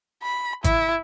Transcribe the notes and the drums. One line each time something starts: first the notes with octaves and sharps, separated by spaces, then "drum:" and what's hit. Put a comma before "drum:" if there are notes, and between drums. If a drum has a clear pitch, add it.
B5
E4, drum: kick G#1, hi-hat